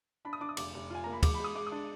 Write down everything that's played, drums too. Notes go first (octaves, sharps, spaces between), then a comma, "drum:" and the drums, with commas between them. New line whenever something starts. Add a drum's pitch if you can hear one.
D4 B5
D#6
D4 D6
D#6
F1 D6, drum: cymbal
F1
F4 G#5
A#3 A#5
B5
G#3 D6, drum: kick, cymbal
B5
G#3 D#6
G#3 D6
D#6
D4